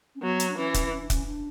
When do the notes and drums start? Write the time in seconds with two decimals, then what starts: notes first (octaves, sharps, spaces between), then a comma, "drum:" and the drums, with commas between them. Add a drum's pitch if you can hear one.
0.15 C#4
0.22 F#3 B3
0.40 drum: hi-hat
0.49 D4
0.57 E3 C#4
0.74 drum: kick, hi-hat
0.92 C#4
1.01 D4
1.10 C#4, drum: kick, hi-hat
1.26 D4